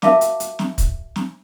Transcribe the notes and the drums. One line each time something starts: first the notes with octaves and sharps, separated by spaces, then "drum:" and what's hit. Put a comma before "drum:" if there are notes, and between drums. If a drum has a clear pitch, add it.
F#4 A#4 E5 F5 A5 D6, drum: snare
drum: hi-hat
drum: hi-hat
drum: snare
drum: kick, hi-hat
drum: snare